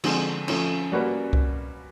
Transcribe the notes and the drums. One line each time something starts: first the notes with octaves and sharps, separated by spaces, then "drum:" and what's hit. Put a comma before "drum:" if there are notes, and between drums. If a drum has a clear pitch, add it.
D3 F3 G#3 C4, drum: cymbal
F3 A3 C#4, drum: cymbal
G3 A#3 C#4 F#4 B4
drum: kick C2